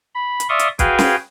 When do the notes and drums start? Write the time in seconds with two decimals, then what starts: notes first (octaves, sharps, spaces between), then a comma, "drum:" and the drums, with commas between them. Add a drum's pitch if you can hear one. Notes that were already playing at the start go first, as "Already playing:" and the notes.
0.15 B5
0.40 drum: hi-hat
0.49 D5 E5 F5 C6 C#6 D#6
0.59 drum: hi-hat
0.79 F#4 G#4 B4 F5 G5 G#5, drum: kick, hi-hat
0.99 drum: snare